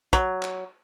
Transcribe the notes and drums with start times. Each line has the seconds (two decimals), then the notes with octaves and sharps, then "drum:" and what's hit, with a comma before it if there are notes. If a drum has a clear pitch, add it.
0.13 F#3, drum: kick, hi-hat
0.42 drum: clap